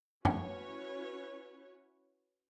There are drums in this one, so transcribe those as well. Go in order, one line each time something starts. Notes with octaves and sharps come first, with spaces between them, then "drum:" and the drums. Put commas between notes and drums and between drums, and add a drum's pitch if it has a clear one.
C#4 E4 F#4 B4 C#5, drum: tom